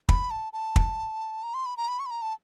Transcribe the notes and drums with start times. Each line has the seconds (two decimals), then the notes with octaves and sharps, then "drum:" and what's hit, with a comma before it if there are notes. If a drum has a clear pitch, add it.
0.09 B5, drum: kick
0.31 A5
0.53 A5
0.76 drum: kick
1.43 A#5
1.54 C6
1.66 B5
1.77 A#5
1.88 B5
2.00 C#6
2.06 B5
2.11 A#5
2.22 A5